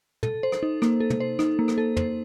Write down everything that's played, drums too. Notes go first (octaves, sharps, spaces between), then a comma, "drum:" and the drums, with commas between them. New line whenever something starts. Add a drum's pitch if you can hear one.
A4, drum: tom
C5
drum: rim click
D#4
A#3, drum: rim click
A4
drum: tom
C5
D#4, drum: rim click
A#3
drum: rim click
A4
C5, drum: tom